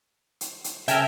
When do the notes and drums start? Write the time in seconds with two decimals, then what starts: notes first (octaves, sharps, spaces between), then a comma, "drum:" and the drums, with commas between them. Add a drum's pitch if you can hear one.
0.41 drum: hi-hat
0.64 drum: hi-hat
0.88 C#3 A4 A#4 E5 G5 G#5, drum: hi-hat